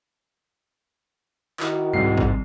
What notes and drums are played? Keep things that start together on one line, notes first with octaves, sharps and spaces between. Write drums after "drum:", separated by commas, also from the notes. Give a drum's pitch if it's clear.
D#3 E4 F#4, drum: clap
C2 G#2 C7
drum: kick G#1